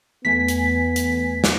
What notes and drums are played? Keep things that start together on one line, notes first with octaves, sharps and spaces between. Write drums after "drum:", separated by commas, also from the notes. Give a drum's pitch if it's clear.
E2 A3 B3 G#5 B6
drum: hi-hat
drum: hi-hat
drum: snare